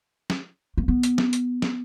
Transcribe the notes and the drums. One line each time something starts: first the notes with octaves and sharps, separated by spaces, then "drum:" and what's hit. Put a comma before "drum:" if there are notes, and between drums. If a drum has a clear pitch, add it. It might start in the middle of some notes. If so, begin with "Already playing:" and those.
drum: snare
A#3
B3
drum: hi-hat
drum: snare
drum: hi-hat
drum: snare